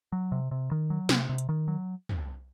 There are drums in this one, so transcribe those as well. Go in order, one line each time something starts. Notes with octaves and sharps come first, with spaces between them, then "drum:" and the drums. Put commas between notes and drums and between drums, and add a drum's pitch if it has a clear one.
F#3
C3
C3
D#3
F#3
C3, drum: snare
C3
drum: hi-hat
D#3
F#3
drum: tom